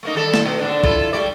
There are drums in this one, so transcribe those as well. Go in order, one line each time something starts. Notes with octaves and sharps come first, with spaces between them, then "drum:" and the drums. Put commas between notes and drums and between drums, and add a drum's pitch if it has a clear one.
A3 A#3 D#4
D#3 G3 A4
drum: snare
B2
G#2 D3 D4
E4 F4 A4, drum: kick
G3 G#3 D5